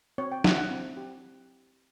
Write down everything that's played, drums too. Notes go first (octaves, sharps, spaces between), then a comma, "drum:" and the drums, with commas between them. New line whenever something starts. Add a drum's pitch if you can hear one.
C4 C#5
G5
E4 G4 F#5, drum: snare
F#5
C4
G4